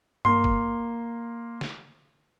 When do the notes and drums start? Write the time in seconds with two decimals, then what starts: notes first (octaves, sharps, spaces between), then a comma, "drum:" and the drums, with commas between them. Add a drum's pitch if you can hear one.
0.25 A#3 C6, drum: tom G2
0.44 drum: kick
1.61 drum: snare